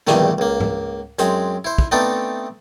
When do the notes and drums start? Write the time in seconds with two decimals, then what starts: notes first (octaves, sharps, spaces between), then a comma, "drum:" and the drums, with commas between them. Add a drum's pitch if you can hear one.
0.07 A#1 E2 G2 D3 D#3 A3, drum: snare
0.38 C#2 A#3
0.60 drum: tom
1.19 F#2 G#3 C4, drum: hi-hat
1.65 E4 C5
1.78 drum: kick
1.91 A3 B3 C4 D4 D#4 A4